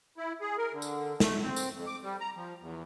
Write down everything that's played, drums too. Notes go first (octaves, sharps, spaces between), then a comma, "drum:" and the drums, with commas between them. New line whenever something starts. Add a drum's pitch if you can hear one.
E4
G#4
A#4
D3
drum: tambourine
A3, drum: snare
C4
drum: tambourine
F2
D6
G3
A#5
F3
E2